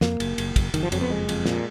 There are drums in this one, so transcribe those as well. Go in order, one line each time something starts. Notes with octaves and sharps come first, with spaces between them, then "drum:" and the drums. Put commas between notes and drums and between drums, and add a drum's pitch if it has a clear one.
F2 A#3, drum: snare
F#1, drum: cymbal
F#1, drum: cymbal
F#1, drum: kick, cymbal
F#1 D#3, drum: cymbal
F3
F2 F#3, drum: cymbal
B3
F#1 G#3
F2, drum: cymbal
A#2, drum: snare